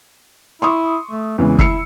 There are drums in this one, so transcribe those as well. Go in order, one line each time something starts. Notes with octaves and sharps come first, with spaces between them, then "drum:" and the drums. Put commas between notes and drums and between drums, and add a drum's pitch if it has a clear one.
E4 C6 C#6 D#6
A3
E2 C#3 E3 G#3
E4 E6 C7 C#7, drum: kick